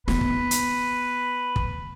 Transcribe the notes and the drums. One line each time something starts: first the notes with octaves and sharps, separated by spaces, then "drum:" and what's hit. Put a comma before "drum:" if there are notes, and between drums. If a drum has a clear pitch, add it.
B3 B4, drum: snare
drum: kick
drum: hi-hat
drum: kick